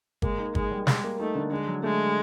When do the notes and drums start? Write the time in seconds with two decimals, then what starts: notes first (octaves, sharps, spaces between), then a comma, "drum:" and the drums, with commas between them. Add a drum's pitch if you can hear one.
0.22 G#3 A#3, drum: kick G1
0.39 D#4
0.55 G#3 G#4, drum: kick G1
0.71 G3
0.87 G3 G#3, drum: snare
1.04 A#3
1.19 A3 D#4
1.35 D3
1.51 D3 G#3
1.67 F#3
1.83 G#3 A3